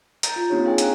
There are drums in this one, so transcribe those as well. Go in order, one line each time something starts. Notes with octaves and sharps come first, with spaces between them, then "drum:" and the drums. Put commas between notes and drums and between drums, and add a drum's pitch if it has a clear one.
A#5 G6 A6, drum: hi-hat
F4
A#3 C4 D4 D#4 G4 C#5
G4 G#4 F5 G5 G#5
G#5 A#5 F#6, drum: hi-hat